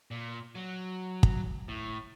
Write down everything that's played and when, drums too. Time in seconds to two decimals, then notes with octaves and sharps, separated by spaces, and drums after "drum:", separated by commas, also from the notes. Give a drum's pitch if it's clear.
0.11 A#2
0.55 F#3
1.23 drum: kick
1.68 A2